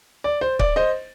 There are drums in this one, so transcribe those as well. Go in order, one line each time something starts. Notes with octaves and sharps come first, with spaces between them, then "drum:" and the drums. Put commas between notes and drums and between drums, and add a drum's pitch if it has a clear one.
D5
C5
D5, drum: kick C#1
C5 D#5